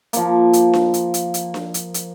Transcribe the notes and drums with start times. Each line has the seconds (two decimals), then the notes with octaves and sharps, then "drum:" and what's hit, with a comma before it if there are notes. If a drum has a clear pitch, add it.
0.13 F3 A#3, drum: hi-hat
0.53 drum: hi-hat
0.73 drum: snare D4
0.94 drum: hi-hat
1.14 drum: hi-hat
1.34 drum: hi-hat
1.54 drum: snare D4
1.74 drum: hi-hat
1.94 drum: hi-hat